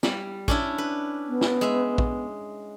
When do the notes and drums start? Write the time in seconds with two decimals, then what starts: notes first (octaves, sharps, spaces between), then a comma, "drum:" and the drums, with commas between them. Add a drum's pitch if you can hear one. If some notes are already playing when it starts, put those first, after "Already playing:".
0.03 G3 B5, drum: snare
0.48 C#4 D4 E4, drum: kick
0.78 B4
1.28 B3
1.41 drum: snare
1.61 G#3 E5
1.98 drum: kick